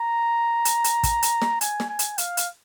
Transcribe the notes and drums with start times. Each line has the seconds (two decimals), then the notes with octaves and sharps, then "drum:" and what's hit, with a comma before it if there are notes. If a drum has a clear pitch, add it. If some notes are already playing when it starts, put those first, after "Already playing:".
Already playing: A#5
0.65 drum: hi-hat
0.84 drum: hi-hat
1.03 drum: kick, hi-hat
1.22 drum: hi-hat
1.42 drum: snare
1.61 G#5, drum: hi-hat
1.80 drum: snare
1.89 G#5
1.99 drum: hi-hat
2.18 F5, drum: hi-hat
2.37 drum: hi-hat